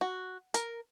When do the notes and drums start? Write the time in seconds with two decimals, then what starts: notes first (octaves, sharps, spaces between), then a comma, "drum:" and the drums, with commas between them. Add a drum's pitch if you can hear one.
0.01 F#4
0.54 A#4, drum: hi-hat